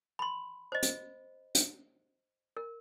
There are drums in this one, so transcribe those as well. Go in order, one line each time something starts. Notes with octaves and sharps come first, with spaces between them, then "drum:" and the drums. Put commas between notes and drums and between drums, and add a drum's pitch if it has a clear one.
B5 C6
C5 D#5
drum: hi-hat
drum: hi-hat
A#4